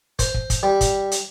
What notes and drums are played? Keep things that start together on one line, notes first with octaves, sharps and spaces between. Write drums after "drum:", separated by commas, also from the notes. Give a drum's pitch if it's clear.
C5, drum: kick, hi-hat
drum: kick
drum: kick, hi-hat
G3
drum: kick, hi-hat
drum: hi-hat